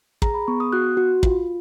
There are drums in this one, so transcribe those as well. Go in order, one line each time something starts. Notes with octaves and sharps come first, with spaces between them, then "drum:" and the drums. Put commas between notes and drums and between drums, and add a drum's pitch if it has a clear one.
G#4 A#5, drum: kick
B5
B3 C#6
D#6
F#4 F#6
F#4
F4, drum: kick